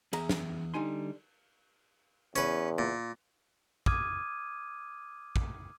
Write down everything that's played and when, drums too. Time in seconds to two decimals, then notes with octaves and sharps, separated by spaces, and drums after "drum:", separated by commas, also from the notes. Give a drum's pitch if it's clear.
0.13 E2 G#4 E5 A#5, drum: cymbal
0.29 drum: snare
0.74 D3 G3 D#4 G#5 C6
2.36 E2 C#4 B4, drum: hi-hat
2.78 A#2
3.86 D6 D#6 F6 G#6 D#7, drum: kick
5.36 drum: kick